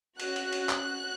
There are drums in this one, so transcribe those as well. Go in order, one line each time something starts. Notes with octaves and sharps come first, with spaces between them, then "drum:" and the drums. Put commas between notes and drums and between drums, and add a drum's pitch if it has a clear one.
C#4 F#4 F#6, drum: cymbal
drum: cymbal
drum: cymbal
drum: clap
F#4